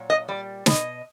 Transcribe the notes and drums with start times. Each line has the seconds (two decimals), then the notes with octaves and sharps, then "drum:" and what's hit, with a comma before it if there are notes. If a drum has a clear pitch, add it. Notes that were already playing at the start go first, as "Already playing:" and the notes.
Already playing: A#2 F#3
0.10 D#5
0.28 G3 D5
0.66 B2 D#5, drum: snare